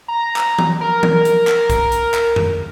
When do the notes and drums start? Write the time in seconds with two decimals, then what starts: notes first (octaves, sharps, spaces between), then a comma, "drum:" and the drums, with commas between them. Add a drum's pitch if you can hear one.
0.08 A#5
0.36 drum: clap
0.59 drum: tom E3
0.81 A#4
1.03 drum: tom E3
1.25 drum: hi-hat
1.47 drum: clap
1.70 drum: kick B1, hi-hat
1.92 drum: hi-hat
2.14 drum: clap
2.36 drum: tom F2